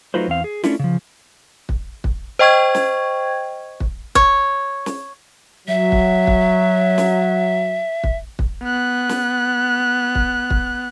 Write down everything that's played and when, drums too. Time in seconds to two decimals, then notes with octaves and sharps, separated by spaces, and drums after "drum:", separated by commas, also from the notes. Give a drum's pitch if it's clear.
0.14 F#3 A3 D#4 F4 B4 C5
0.28 E2 C4 F5
0.44 G#4
0.64 A3 C#4 D4 E4 F4, drum: snare
0.79 C#3 F3
1.69 drum: kick
2.04 drum: kick
2.39 C5 D#5 G5 C#6 G#6
2.75 drum: snare
3.80 drum: kick
4.15 C#5, drum: kick
4.86 drum: snare
5.68 F#3 E5
5.92 drum: kick
6.27 drum: kick
6.98 drum: snare
8.04 drum: kick
8.39 drum: kick
8.63 B3 F#6
9.09 drum: snare
10.15 drum: kick
10.50 drum: kick